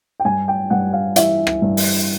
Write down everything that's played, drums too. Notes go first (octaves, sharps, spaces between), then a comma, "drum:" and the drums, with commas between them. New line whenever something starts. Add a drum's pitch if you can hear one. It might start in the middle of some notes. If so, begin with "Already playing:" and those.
G5
G2 G#5
G5
G2 F#5
F5
E3 E5, drum: hi-hat
drum: rim click
G2
drum: open hi-hat